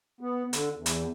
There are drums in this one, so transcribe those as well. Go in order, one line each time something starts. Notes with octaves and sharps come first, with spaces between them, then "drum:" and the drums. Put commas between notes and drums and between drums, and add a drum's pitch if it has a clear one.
B3
D3, drum: hi-hat
E2
drum: hi-hat